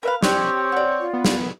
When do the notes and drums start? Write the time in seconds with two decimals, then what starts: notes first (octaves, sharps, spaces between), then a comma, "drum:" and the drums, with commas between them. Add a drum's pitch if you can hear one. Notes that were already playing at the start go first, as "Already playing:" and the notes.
0.03 A#4 B4 E5 F5
0.23 C4 D4 G4 C#5, drum: snare
0.72 F#4 D5
1.00 F4
1.13 B3
1.25 drum: snare